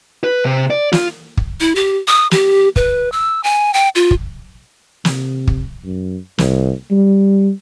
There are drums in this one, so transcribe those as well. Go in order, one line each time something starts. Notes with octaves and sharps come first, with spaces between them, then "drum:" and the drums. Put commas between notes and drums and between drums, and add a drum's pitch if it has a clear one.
B4
C3
D5
F4, drum: snare
drum: kick
E4
G4
D#6
G4, drum: snare
B4, drum: kick
E6
G#5
G5
F4
drum: kick
C3, drum: snare
drum: kick
F#2
C2, drum: snare
G3